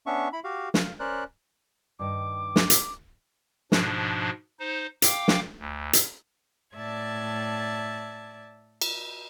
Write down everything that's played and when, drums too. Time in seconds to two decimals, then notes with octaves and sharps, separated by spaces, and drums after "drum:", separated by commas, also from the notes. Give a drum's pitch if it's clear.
0.06 B3 C#4 D4 E5 C#6
0.33 E4 B5
0.44 F#4 G4 F5
0.74 F5, drum: snare
0.99 C#4 A#4 C5 D5 F#6
1.99 G2 D#3 D6
2.56 drum: snare
2.70 drum: hi-hat
3.72 G#2 B2 F3 D4, drum: snare
4.60 D#4 C5
5.02 F5 G5 D6, drum: hi-hat
5.28 drum: snare
5.59 D2
5.93 drum: hi-hat
6.76 A2 D5 E5 A5 G#6
8.82 drum: cymbal